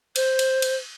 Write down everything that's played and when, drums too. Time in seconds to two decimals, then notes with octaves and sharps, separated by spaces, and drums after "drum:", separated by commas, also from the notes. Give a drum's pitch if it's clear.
0.16 C5, drum: cymbal
0.39 drum: cymbal
0.62 drum: cymbal